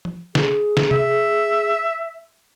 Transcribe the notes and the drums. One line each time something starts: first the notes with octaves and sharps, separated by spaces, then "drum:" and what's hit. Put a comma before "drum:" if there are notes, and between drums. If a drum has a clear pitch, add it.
drum: tom F3
G#4, drum: snare
drum: snare
E5, drum: tom C3